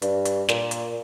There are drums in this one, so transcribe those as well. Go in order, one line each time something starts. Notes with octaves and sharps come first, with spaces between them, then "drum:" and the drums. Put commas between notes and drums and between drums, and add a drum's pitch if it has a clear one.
G2, drum: hi-hat
drum: hi-hat
A#2, drum: snare
drum: hi-hat